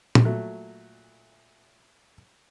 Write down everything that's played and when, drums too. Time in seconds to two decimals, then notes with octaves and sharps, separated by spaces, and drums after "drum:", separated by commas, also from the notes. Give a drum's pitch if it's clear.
0.15 drum: tom A#2
0.25 A#2 F#3 A3